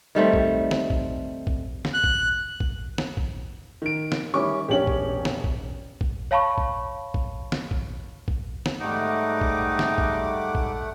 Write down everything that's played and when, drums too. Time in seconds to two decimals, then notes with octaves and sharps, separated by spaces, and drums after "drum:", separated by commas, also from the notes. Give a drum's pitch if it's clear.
0.15 D#3 G3 A3 C4
0.33 drum: kick G#1
0.71 drum: snare
0.90 drum: kick G#1
1.47 drum: kick G#1
1.85 drum: snare
1.94 F#6
2.04 drum: kick G#1
2.60 drum: kick G#1
2.98 drum: snare
3.17 drum: kick G#1
3.82 D#3 D7
4.12 drum: snare
4.34 D#3 G3 C#4 E4 C#6 D6
4.68 E1 A#1 C#4 G4 C#5 F#7
4.87 drum: kick G#1
5.25 drum: snare
5.44 drum: kick G#1
6.01 drum: kick G#1
6.31 C#5 F5 A5 B5 C#6
6.58 drum: kick G#1
7.14 drum: kick G#1
7.52 drum: snare
7.71 drum: kick G#1
8.28 drum: kick G#1
8.66 drum: snare
8.80 G#2 G3 A3 D#4 F#5 D6
9.41 drum: kick G#1
9.79 drum: snare
9.98 drum: kick G#1
10.55 drum: kick G#1